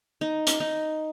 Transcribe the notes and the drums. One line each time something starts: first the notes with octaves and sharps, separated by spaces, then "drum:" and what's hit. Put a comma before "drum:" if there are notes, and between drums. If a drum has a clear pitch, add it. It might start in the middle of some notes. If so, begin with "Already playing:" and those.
D#4
drum: hi-hat
D#4